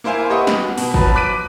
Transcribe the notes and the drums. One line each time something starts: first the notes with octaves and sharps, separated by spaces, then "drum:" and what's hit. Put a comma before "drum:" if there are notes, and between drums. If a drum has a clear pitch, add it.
A#3 E4 C5 F5 G#5
G4 B4 D#5 F#5 C#6 D#6
drum: snare
F#4
B2 B4, drum: open hi-hat
F3 F#3 B4, drum: kick
D6 F#6 B6 D7 D#7